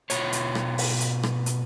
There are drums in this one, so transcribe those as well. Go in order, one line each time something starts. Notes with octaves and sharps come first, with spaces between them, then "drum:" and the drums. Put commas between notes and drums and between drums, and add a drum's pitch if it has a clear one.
B2 F4 C#5, drum: hi-hat
drum: hi-hat
drum: rim click
drum: open hi-hat
drum: hi-hat
drum: rim click
drum: hi-hat